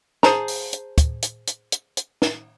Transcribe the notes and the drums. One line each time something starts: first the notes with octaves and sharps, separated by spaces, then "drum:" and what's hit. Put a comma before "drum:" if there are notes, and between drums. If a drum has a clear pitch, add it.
G#4 C5 A5 A#5, drum: snare
drum: open hi-hat
drum: hi-hat
drum: kick, hi-hat
drum: hi-hat
drum: hi-hat
drum: hi-hat
drum: hi-hat
drum: snare